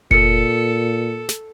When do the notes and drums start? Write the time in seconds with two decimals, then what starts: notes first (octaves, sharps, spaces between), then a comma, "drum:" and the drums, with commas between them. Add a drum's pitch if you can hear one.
0.11 A#2 A4 C#7, drum: kick F1
1.29 drum: snare